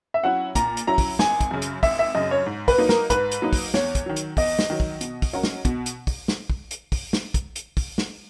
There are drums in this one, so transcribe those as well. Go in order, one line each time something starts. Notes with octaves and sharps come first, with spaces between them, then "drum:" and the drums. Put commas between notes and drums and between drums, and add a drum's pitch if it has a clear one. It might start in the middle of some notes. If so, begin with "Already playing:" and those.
E5
F#3 C#4 E4 F#5
A#2 A#5, drum: kick, hi-hat
drum: hi-hat
F#3 C#4 E4 A#5
drum: kick, open hi-hat
G#1 G#5, drum: snare
drum: kick, hi-hat
F#2 C#3
drum: hi-hat
G#1 E5, drum: kick, open hi-hat
E5
F#2 C#3 D#5
C#5
G#2
B4, drum: kick, open hi-hat
F#3 A#3 D#4
A#4, drum: snare
G#2 B4, drum: kick, hi-hat
drum: hi-hat
F#3 A#3 D#4
drum: kick, open hi-hat
E2 C#5, drum: snare
drum: kick, hi-hat
D#3 F#3
drum: hi-hat
E2 D#5, drum: kick, open hi-hat
drum: snare
D#3 F#3
drum: kick
B2, drum: hi-hat
drum: kick, open hi-hat
F#3 C#4 F#4 A#4
drum: snare
B2, drum: kick, hi-hat
drum: hi-hat
drum: kick, open hi-hat
drum: snare
drum: kick
drum: hi-hat
drum: kick, open hi-hat
drum: snare
drum: kick, hi-hat
drum: hi-hat
drum: kick, open hi-hat
drum: snare